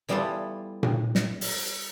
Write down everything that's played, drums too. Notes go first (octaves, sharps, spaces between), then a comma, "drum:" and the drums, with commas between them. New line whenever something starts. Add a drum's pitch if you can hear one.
E3 G3 B3 F4 G4 A4
drum: tom A#2
drum: snare
drum: open hi-hat